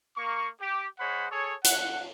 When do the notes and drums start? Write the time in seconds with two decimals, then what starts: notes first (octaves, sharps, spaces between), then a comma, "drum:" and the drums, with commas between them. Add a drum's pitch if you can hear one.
0.17 A#3 C#6
0.61 G4
0.99 G#3 C5 C#5 F#5 B5
1.31 G#4 A4 C#5
1.64 F#5, drum: hi-hat